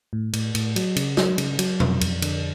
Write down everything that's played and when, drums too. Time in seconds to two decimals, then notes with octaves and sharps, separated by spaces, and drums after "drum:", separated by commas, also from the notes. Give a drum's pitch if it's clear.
0.13 A2
0.33 A2, drum: cymbal
0.55 A2, drum: cymbal
0.76 F#3, drum: cymbal
0.96 C#3, drum: cymbal
1.17 F#3, drum: snare
1.38 C#3, drum: cymbal
1.59 F#3, drum: cymbal
1.80 F2, drum: tom B2
2.01 F2, drum: cymbal
2.22 D3, drum: cymbal